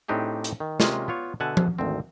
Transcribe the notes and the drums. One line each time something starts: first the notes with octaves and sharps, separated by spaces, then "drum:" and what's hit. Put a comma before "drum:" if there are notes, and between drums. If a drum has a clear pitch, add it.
A2 C4 D4 D#4 G4 G#4
drum: hi-hat
D#3
C3 G#3 A#3 C#4 F4, drum: snare
B3 F4 C#5
B2 D3 E5 F#5 G#5 A5
drum: tom F3
G#1 D2 C4